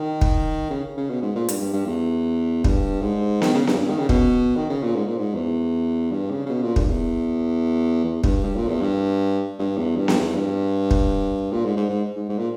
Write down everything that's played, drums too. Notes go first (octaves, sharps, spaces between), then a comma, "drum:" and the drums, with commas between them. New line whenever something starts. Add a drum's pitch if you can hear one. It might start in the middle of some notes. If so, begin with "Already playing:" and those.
Already playing: D#3
drum: kick
C#3
C#3
B2
G#2
A#2
G2, drum: hi-hat
G2
G2
E2
G2, drum: kick
G#2
D#3, drum: snare B3
C#3
G2, drum: snare B3
E2
G2
D#3
C#3
B2, drum: kick
D#3
C#3
A#2
G#2
A#2
G#2
E2
G2
C#3
C#3
B2
A#2
G2, drum: kick
E2
E2
G2, drum: kick
G2
A#2
E2
G2
G2
E2
G2
drum: snare B3
E2
G2
drum: kick
A#2
G#2
G#2
G#2
G#2
G#2
A#2